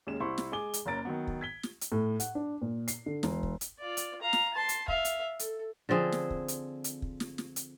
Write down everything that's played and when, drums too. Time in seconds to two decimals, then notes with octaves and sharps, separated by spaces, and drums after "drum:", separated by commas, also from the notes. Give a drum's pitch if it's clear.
0.07 D#2 G#3 C#4 E7
0.20 C2 E4 C5 C6 C#6
0.38 drum: snare
0.52 G#3 G#4 G#5 D6 G7
0.74 drum: hi-hat
0.86 F#1 A#3 C#4 A#5 A6 D7
1.05 D#3 F#3 B3
1.27 drum: kick
1.41 G#6 B6 G7
1.63 drum: snare
1.81 drum: hi-hat
1.92 A2
2.20 F#5, drum: hi-hat
2.35 D4
2.62 A#2
2.88 C7, drum: hi-hat
3.06 D3
3.23 E1, drum: snare
3.43 drum: kick
3.61 drum: hi-hat
3.79 F4 D5
3.97 drum: hi-hat
4.22 F5 A#5
4.33 drum: snare
4.54 A5 C6
4.69 drum: hi-hat
4.88 E5 F5, drum: kick
5.05 drum: hi-hat
5.39 A4, drum: hi-hat
5.89 D3 F3 C4 G#4
6.12 drum: snare
6.30 drum: kick
6.48 drum: hi-hat
6.84 drum: hi-hat
7.02 drum: kick
7.20 drum: snare
7.38 drum: snare
7.56 drum: hi-hat